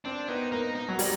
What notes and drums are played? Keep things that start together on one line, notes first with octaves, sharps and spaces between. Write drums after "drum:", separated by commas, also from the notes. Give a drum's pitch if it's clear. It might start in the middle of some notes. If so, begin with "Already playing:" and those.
C4 D4
B3 D#4
A#3 D#4
D#4
F#3
G3, drum: open hi-hat